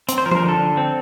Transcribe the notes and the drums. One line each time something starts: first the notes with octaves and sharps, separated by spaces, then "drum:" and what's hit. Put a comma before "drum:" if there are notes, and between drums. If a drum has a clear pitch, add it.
C4, drum: hi-hat
C5
F3 A#4
C5, drum: tom F3
A#4
D3
A4
D3
C4